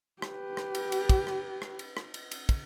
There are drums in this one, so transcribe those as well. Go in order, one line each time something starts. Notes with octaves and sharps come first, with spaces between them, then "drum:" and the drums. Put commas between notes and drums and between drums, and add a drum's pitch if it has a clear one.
G4 B4, drum: rim click
drum: rim click
drum: cymbal
drum: cymbal
drum: kick, cymbal
drum: rim click
drum: rim click
drum: cymbal
drum: rim click
drum: cymbal
drum: cymbal
drum: kick, cymbal